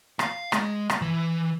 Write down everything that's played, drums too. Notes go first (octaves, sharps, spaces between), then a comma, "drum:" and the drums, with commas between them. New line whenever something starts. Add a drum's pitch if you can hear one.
F5, drum: rim click
G#3, drum: rim click
drum: rim click
E3